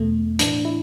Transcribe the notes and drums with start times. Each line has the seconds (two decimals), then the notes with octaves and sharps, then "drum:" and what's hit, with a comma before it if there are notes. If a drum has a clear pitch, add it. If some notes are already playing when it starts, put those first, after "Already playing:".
Already playing: E2 B2 A3
0.39 A2 E3 D4, drum: hi-hat
0.65 E4